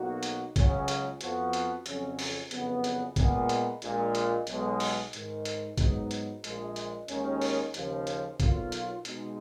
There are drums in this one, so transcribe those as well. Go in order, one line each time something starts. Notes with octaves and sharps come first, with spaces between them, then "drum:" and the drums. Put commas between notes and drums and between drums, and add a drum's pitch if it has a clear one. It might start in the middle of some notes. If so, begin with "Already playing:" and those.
Already playing: B1 B2 A#3 D#4 F#4
drum: hi-hat
C#2 C#3 F#3 C#4, drum: kick, hi-hat
drum: hi-hat
F2 F3 B3 F#4, drum: hi-hat
drum: hi-hat
F2 C#3 F#3 C#4, drum: hi-hat
drum: open hi-hat
F#1 F2 C#3 F#3 B3, drum: hi-hat
drum: hi-hat
A#2 G#3 B3, drum: kick, hi-hat
drum: hi-hat
A#1 A#2 G#3, drum: hi-hat
drum: hi-hat
B1 B2 G#3, drum: hi-hat
drum: open hi-hat
G#2 D#3 G#3, drum: hi-hat
drum: hi-hat
G#2 F#3 B3 D#4, drum: kick, hi-hat
drum: hi-hat
A#1 A#2 G#3, drum: hi-hat
drum: hi-hat
D#2 D#3 G#3 C#4, drum: hi-hat
drum: open hi-hat
D#2 C#3 F3, drum: hi-hat
drum: hi-hat
B1 B2 F#3 A#3 F4, drum: kick, hi-hat
drum: hi-hat
B2 G#3 D#4, drum: hi-hat